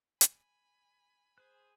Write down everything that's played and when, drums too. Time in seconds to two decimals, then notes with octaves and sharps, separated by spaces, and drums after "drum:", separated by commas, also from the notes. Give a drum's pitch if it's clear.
0.21 G#5 B5, drum: hi-hat
1.38 G#4 C5 F#6